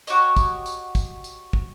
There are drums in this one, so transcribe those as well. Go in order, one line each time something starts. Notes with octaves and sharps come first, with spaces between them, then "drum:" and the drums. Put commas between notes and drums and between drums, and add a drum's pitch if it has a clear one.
F#4 G4 C#5 D#5, drum: tambourine
drum: kick, tambourine
drum: tambourine
drum: kick, tambourine
drum: tambourine
drum: kick